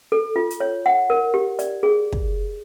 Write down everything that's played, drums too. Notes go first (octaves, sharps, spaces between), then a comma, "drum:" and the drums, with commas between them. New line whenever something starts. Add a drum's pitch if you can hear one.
A4
F4
drum: hi-hat
C#5
F#5
A#4
G4
D5, drum: hi-hat
G#4
drum: kick